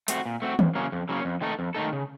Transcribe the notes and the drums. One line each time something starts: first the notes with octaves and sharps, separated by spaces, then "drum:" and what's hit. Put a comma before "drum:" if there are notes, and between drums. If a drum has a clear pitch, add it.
A3 C4 F#4, drum: hi-hat
A#2
A3 C4 F#4
F2, drum: tom D#3
C#3 F#3 A#3 C#4
F2
C#3 F#3 A#3 C#4
F2
D#3 A3 D#4 A4
F2
D#3 A3 D#4 A4
C#3